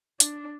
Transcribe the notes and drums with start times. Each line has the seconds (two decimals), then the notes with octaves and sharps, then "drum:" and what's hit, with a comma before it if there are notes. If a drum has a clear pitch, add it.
0.20 D4, drum: hi-hat